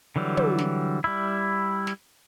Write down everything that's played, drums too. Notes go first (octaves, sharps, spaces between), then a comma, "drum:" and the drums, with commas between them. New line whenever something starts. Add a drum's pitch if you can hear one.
D3 E3 F#3 G3
drum: tom
drum: snare
G3 E4
drum: snare